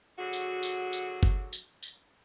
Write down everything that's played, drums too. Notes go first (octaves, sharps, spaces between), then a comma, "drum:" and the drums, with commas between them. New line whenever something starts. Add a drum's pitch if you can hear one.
D3 F#3 F#4 G#4
drum: tambourine
drum: tambourine
drum: tambourine
drum: kick G1
drum: tambourine
drum: tambourine